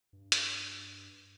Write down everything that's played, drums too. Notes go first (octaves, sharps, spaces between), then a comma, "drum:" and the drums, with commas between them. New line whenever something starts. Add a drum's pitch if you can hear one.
G2
drum: hi-hat